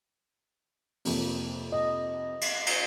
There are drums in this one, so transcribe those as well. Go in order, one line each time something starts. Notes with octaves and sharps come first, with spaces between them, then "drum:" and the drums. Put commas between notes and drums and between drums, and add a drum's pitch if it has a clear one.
F2 C3 A#3, drum: open hi-hat
D#5
drum: cymbal
drum: cymbal